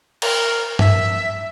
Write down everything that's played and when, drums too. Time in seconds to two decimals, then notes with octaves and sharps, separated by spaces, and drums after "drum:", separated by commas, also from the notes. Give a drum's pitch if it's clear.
0.22 A#4, drum: cymbal
0.79 E5, drum: tom G2